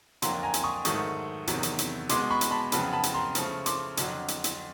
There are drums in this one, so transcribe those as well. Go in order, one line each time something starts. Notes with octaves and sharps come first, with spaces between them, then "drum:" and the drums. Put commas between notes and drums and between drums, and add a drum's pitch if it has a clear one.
F2 D3 F#3 A#3 A#5 C6, drum: hi-hat
G#5 A#5
drum: hi-hat
C#6 D#6
G#2 D#3 F#3 A3 C#6 D#6, drum: hi-hat
E2 C3 D#3 F#3, drum: hi-hat
drum: hi-hat
drum: hi-hat
B2 G#3 B3 C6 D6, drum: hi-hat
B5 C#6
drum: hi-hat
A5 B5
F2 C#3 F#3 B3 A5 B5, drum: hi-hat
A5 B5
drum: hi-hat
A#5 C6
C#3 F3 A3, drum: hi-hat
C6 D6, drum: hi-hat
F2 D3 F#3, drum: hi-hat
drum: hi-hat
drum: hi-hat